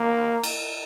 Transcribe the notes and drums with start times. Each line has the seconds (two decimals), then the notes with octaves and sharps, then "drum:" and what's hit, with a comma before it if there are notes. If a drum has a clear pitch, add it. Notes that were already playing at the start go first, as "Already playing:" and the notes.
Already playing: A#3
0.43 drum: cymbal